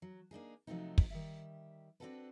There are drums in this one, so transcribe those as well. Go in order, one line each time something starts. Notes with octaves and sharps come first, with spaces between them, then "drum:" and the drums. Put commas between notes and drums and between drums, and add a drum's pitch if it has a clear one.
F#3
A#3 D4 D#4 G#4
C3 F3 F#3 A3 C4 D#4
drum: kick
D#3 G3 E5
C4 D4 F4 F#4 A4 B4